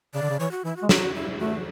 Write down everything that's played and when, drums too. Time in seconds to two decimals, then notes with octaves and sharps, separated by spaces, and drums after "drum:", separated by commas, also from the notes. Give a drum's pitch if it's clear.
0.14 C#3 D5
0.22 D3
0.30 C#3
0.39 E3 C#5
0.51 F#4
0.64 E3 E4
0.76 F#4
0.83 G#3
0.89 F#3 F#4, drum: snare
1.14 E4
1.39 A3 F#4